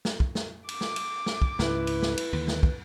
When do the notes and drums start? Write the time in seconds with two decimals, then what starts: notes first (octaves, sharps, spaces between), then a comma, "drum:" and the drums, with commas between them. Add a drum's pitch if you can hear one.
0.05 drum: snare
0.20 drum: kick
0.35 drum: snare
0.69 D6, drum: cymbal
0.81 drum: snare
0.96 drum: cymbal
1.26 drum: snare
1.42 drum: kick
1.59 C#2 G#2 E4 B4, drum: snare
1.87 drum: cymbal
2.02 drum: snare
2.17 drum: cymbal
2.33 D#2 D3
2.48 drum: snare
2.63 drum: kick